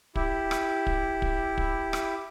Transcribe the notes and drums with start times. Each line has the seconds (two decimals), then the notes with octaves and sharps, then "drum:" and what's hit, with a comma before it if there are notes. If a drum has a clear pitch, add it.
0.15 E4 G4, drum: kick
0.51 drum: rim click
0.87 drum: kick
1.22 drum: kick
1.58 drum: kick
1.93 drum: rim click